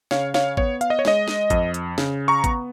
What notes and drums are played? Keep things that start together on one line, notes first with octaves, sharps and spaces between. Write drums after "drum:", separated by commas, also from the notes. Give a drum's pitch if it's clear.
C#3 C#5 F5, drum: snare
C#5 F5, drum: snare
B3 C#5, drum: kick G#1
F5, drum: hi-hat
D#5
C#5
G#3 D#5, drum: snare
drum: snare
F2, drum: kick G#1, hi-hat
drum: hi-hat
C#3, drum: snare
A#5 C#6
B3, drum: kick G#1, hi-hat